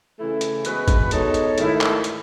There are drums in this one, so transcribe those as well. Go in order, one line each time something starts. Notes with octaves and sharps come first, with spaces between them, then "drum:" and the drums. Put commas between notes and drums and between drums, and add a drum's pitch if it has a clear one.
C#3 E3 A3 E4
drum: hi-hat
G#3 B3 F#4 B4, drum: hi-hat
drum: kick G#1, hi-hat
B2 G#3 D#4 A4 C#5, drum: hi-hat
drum: hi-hat
G#2 D#3 A3 E4, drum: hi-hat
drum: clap
drum: hi-hat